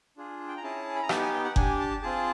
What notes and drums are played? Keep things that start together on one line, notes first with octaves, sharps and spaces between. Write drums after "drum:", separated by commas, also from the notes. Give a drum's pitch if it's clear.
D4 F4 G#4
G5
A#5
C#4 E4 G#4 A5
B5
A#5
B3 D#4 G4 A5, drum: rim click
G#5
G5
F#5
D4 G4 G#5, drum: kick F#1
A5
C4 F4 G#4 A5